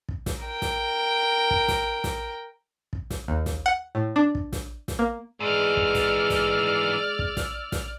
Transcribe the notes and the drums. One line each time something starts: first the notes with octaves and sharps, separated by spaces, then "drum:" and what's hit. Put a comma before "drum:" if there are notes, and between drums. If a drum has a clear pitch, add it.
drum: kick
drum: snare
A#4 G5
drum: snare
drum: kick
drum: snare
drum: snare
drum: kick
drum: snare
D#2
drum: snare
F#5
A2
D4
drum: kick
drum: snare
drum: snare
A#3
G#2 E3 G#3 D5 E6 F6
drum: kick
drum: snare
drum: snare
drum: kick
drum: snare
drum: snare